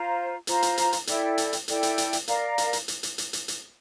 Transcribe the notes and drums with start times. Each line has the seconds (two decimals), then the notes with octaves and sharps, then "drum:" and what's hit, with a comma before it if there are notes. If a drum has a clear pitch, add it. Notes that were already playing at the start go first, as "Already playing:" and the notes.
Already playing: F4 C5 F5 A#5
0.47 F4 C5 F5 A#5, drum: hi-hat
0.62 drum: hi-hat
0.77 drum: hi-hat
0.93 drum: hi-hat
1.07 E4 A4 D5 G5, drum: hi-hat
1.38 drum: hi-hat
1.53 drum: hi-hat
1.68 E4 A4 D5 G5, drum: hi-hat
1.83 drum: hi-hat
1.98 drum: hi-hat
2.13 drum: hi-hat
2.28 A#4 D5 F5 A#5, drum: hi-hat
2.58 drum: hi-hat
2.73 drum: hi-hat
2.88 drum: hi-hat
3.03 drum: hi-hat
3.18 drum: hi-hat
3.33 drum: hi-hat
3.48 drum: hi-hat